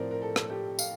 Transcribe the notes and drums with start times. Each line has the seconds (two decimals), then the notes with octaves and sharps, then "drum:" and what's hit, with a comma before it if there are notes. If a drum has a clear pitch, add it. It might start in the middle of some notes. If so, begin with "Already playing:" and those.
Already playing: A2 F3 C4 A#4 D5
0.11 A#4
0.22 A4
0.36 drum: rim click
0.50 G4
0.79 F5, drum: tambourine